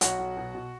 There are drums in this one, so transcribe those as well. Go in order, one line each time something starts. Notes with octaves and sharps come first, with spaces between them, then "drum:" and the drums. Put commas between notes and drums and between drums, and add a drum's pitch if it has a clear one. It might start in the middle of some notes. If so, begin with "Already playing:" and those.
B1 F#4 F#5, drum: hi-hat
B1
B2
B2